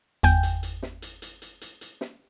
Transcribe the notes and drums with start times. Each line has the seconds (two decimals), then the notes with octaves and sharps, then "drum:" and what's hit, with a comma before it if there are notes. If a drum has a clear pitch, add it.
0.23 G1 E2 G5 G#5 G6, drum: hi-hat
0.43 drum: hi-hat
0.63 drum: hi-hat
0.83 drum: snare
1.02 drum: hi-hat
1.22 drum: hi-hat
1.42 drum: hi-hat
1.61 drum: hi-hat
1.81 drum: hi-hat
2.01 drum: snare